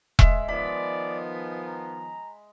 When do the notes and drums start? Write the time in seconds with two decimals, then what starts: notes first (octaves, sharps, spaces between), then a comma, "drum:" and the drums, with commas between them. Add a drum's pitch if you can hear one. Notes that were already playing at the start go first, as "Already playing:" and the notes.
0.19 G#3 E5, drum: kick E1
0.48 D#3 F3 B3 D5 B5
1.67 A#5